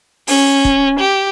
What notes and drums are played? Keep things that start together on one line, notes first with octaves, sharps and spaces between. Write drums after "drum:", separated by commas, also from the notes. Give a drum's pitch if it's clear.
C#4, drum: open hi-hat
drum: kick
G4